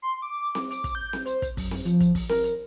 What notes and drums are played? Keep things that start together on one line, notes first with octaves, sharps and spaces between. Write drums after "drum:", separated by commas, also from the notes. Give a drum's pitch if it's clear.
C6
D6
drum: snare C4
D6, drum: hi-hat
drum: kick, hi-hat
G6
drum: snare C4
C5, drum: hi-hat
drum: kick, hi-hat
F#2, drum: kick, open hi-hat
drum: snare C4
F3, drum: hi-hat
drum: kick, hi-hat
drum: kick, open hi-hat
A#4, drum: snare C4
drum: hi-hat